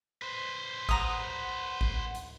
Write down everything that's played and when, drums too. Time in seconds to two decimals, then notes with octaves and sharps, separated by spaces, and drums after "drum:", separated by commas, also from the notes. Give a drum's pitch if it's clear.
0.22 B4 C5
0.89 F#5 A#5 D#6, drum: kick G#1
1.81 drum: kick G#1
2.15 drum: hi-hat